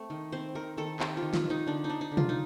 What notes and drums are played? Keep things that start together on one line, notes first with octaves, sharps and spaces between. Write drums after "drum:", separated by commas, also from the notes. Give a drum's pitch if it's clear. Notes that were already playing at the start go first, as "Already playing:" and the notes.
Already playing: A3 C4
D#3
C4 C5
D#3 A#4
D#3 A4
C4 G4, drum: clap
F4
D#3
F4, drum: snare
D#3 D#4
D3 D4
D#4
D4
D#4
D3
F4, drum: tom
D#4